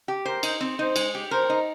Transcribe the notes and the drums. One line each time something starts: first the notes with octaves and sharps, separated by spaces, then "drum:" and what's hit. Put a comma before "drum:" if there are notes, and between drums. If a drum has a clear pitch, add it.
G4
A#4 C5
D#4, drum: cymbal
C4
D#4 C5
G#3, drum: cymbal
G4
A#4 C5
D#4